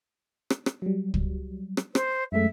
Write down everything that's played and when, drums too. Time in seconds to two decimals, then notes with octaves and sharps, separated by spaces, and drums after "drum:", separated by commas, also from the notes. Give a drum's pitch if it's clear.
0.50 drum: rim click
0.66 drum: rim click
0.82 F#3 G3
1.14 drum: kick
1.77 drum: rim click
1.95 C5, drum: rim click
2.32 F#2 G#3 A3 E5